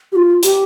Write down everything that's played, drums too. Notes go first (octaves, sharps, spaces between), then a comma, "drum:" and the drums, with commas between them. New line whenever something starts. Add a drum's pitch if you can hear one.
G4
F4
G4, drum: hi-hat